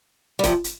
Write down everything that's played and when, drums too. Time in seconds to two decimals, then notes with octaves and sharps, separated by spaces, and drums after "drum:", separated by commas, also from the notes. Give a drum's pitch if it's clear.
0.39 G3
0.44 C3 F3, drum: kick C#1, hi-hat
0.64 drum: hi-hat